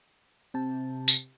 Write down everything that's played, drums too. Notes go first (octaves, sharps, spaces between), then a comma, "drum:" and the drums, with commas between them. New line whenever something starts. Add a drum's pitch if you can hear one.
C3 C4 A5
drum: tambourine